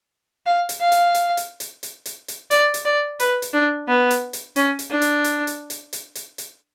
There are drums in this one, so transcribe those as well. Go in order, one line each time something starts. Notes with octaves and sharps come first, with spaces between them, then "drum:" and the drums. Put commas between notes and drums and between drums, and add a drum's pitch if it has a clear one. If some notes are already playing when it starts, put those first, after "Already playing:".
F5
drum: hi-hat
F5
drum: hi-hat
drum: hi-hat
drum: hi-hat
drum: hi-hat
drum: hi-hat
drum: hi-hat
drum: hi-hat
D5, drum: hi-hat
drum: hi-hat
D5
B4, drum: hi-hat
drum: hi-hat
D4
B3
drum: hi-hat
drum: hi-hat
C#4, drum: hi-hat
drum: hi-hat
D4
drum: hi-hat
drum: hi-hat
drum: hi-hat
drum: hi-hat
drum: hi-hat
drum: hi-hat
drum: hi-hat